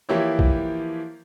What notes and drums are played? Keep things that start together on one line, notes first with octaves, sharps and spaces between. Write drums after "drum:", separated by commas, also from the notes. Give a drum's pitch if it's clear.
E3 F3 A#3 E4 G4 C#5
drum: kick